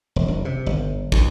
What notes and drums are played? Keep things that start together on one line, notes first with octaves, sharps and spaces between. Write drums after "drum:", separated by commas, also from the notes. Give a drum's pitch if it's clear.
E1
F#1
C3
G1
D2, drum: kick